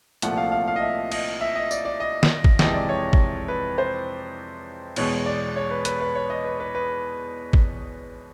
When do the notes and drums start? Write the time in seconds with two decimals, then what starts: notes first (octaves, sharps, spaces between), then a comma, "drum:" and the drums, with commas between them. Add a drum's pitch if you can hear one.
0.22 C2 A#2 F3 A3 F#5, drum: hi-hat
0.37 F5
0.52 F5
0.67 F5
0.76 D#5
0.82 E5
1.12 D#5, drum: cymbal
1.41 E5
1.56 D#5
1.71 D5, drum: tambourine
1.85 D5
2.00 D#5
2.23 drum: snare
2.44 drum: kick
2.59 F2 C3 E3 G#3 D#5, drum: snare
2.74 D5
2.89 C#5
3.13 drum: kick
3.48 B4
3.78 C5
4.96 E2 B2 G#3 C#5, drum: cymbal
5.26 D5
5.56 C#5
5.71 B4
5.85 B4, drum: hi-hat
6.00 B4
6.15 C#5
6.30 D#5
6.44 B4
6.60 B4
6.75 B4
7.53 drum: kick